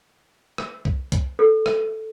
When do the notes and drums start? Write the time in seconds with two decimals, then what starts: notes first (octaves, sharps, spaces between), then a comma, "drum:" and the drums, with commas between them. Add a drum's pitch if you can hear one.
0.58 drum: rim click
0.85 drum: kick C2
1.12 drum: kick C2, hi-hat
1.39 A4
1.66 drum: rim click